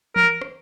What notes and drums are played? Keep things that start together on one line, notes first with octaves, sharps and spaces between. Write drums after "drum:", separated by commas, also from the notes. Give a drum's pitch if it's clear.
A#4, drum: tom E3
drum: rim click